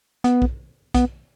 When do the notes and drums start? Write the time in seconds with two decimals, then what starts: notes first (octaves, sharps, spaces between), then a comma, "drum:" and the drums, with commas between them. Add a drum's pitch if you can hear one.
0.24 B3, drum: hi-hat
0.42 drum: kick B1
0.94 B3, drum: kick B1, hi-hat